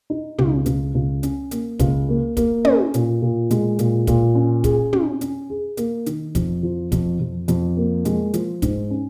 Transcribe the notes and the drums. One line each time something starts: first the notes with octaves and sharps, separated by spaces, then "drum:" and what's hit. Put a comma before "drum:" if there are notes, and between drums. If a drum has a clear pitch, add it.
D#4
C#2, drum: tom
C#2, drum: hi-hat
C#2
C#4, drum: hi-hat
A#3, drum: hi-hat
C#2, drum: kick, hi-hat
A#3
A#3, drum: kick, hi-hat
C#4, drum: tom
A#2, drum: hi-hat
A#2
G#3, drum: hi-hat
A#2, drum: hi-hat
A#2, drum: kick, hi-hat
C#4
G#4, drum: kick, hi-hat
C#4, drum: tom
C#4, drum: hi-hat
G#4
A#3, drum: hi-hat
D#3, drum: hi-hat
F2, drum: kick, hi-hat
F3
F2, drum: kick, hi-hat
F2
F2, drum: hi-hat
A#3
G#3, drum: hi-hat
F3, drum: hi-hat
G#2, drum: kick, hi-hat
C#4